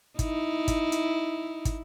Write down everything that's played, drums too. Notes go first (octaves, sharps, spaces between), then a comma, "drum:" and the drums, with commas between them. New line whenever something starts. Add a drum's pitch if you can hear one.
D#4 E4, drum: kick, hi-hat
drum: kick, hi-hat
drum: hi-hat
drum: kick, hi-hat